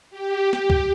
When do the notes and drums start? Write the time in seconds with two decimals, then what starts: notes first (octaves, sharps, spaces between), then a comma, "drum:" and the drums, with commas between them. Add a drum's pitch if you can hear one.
0.10 G4
0.53 G4, drum: snare
0.70 drum: kick C2